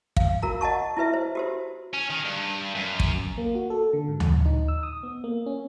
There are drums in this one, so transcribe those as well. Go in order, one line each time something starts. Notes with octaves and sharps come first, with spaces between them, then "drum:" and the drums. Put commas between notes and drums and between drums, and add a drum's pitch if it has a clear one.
F5, drum: kick
F#4 A#4 A#5
D#5 F#5 A5 C#6
E4 F#4 B4 E5
C5
F#4 G4 C5
C#4
D#3
G2
F#2
drum: kick
A#3
F#4
A4
D3
G#2
C#2, drum: tom D2
D#4
E6
D#6
B3
A#3
C#4